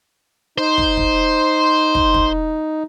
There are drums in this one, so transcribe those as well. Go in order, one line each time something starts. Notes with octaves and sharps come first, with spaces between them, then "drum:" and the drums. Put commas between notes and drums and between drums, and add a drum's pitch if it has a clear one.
D#4 C5
drum: kick
drum: kick
drum: kick
drum: kick